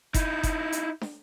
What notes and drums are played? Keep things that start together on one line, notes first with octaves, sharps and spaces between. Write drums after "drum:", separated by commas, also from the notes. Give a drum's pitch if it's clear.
D#4 E4, drum: kick F#1, hi-hat
drum: kick F#1, hi-hat
drum: hi-hat
drum: snare